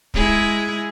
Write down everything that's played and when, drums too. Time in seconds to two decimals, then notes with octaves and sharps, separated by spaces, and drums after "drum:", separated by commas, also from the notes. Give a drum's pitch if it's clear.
0.14 G#3 E4 G#4, drum: kick